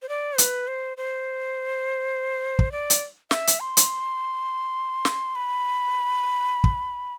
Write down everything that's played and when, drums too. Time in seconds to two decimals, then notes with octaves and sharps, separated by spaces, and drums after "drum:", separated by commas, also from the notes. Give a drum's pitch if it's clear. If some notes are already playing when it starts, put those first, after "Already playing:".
0.02 C5
0.09 D5
0.38 B4, drum: hi-hat
0.68 C5
0.97 C5
2.59 drum: kick
2.72 D5
2.90 drum: hi-hat
3.31 E5, drum: snare
3.47 drum: hi-hat
3.60 C6
3.77 drum: hi-hat
5.05 drum: snare
5.35 B5
6.64 drum: kick